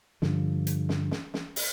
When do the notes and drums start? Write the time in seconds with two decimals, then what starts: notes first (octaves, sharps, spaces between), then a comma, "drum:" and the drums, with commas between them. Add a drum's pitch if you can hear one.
0.22 G2 D3 F3, drum: snare
0.67 drum: hi-hat
0.89 drum: snare
1.11 drum: snare
1.34 drum: snare
1.56 drum: open hi-hat